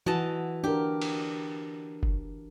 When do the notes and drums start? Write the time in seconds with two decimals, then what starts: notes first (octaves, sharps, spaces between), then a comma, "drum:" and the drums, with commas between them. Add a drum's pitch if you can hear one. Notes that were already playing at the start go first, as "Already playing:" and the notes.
0.06 E3 F#4 D#5 A5, drum: tom
0.64 D4 G4 A#4
1.02 drum: cymbal
2.03 drum: kick F#1